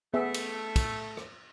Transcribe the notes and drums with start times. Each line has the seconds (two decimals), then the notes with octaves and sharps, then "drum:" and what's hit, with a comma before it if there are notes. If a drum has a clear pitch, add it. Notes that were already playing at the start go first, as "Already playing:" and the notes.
0.14 A3 B3 G#4 E5
0.34 drum: cymbal
0.76 drum: kick, cymbal
1.17 drum: rim click